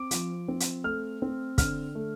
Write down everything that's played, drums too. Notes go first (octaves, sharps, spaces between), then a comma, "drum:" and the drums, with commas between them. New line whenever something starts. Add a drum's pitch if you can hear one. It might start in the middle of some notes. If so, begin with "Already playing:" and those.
Already playing: C4 D6
F3, drum: hi-hat
C4
drum: hi-hat
A3 F6
C4
D3 F6, drum: kick, hi-hat
A3